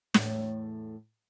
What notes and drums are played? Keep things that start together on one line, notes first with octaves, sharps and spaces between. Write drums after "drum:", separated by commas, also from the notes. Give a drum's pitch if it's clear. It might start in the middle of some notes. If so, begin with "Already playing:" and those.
E2 A2, drum: snare